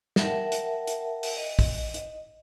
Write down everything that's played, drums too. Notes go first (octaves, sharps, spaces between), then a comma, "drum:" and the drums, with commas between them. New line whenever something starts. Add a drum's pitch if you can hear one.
A#4 E5 F#5 G5 A5, drum: snare
drum: hi-hat
drum: hi-hat
drum: open hi-hat
D#5
drum: kick, open hi-hat
drum: hi-hat